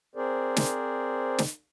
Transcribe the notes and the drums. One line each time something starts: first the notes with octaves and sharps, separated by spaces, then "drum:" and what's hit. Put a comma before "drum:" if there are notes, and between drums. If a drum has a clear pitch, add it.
C4 G#4 A#4 C5 D5
drum: snare
drum: snare